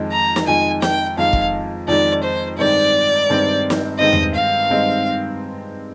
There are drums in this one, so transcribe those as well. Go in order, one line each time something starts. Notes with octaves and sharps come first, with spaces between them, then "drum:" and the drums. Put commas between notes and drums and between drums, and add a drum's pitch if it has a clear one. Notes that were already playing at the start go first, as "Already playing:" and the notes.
Already playing: F2 D#3 G#3 D#4
A#5
drum: snare
F2 D#3 G#3 D#4 G#5
G5, drum: snare
F2 D#3 G#3 D#4 F5
drum: kick
F2 D#3 G#3 D#4 D5
C5
G2 D#3 G#3 C4 D#4 D5
G2 D#3 G#3 C4 D#4
drum: snare
G2 D#3 G#3 C4 D#4 D#5
drum: tom E2
F5
G2 D#3 G#3 C4 D#4